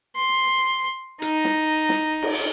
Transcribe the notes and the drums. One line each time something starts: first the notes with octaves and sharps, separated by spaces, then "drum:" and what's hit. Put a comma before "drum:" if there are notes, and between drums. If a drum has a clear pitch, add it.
C6
D#4, drum: hi-hat
drum: snare
drum: snare
drum: cymbal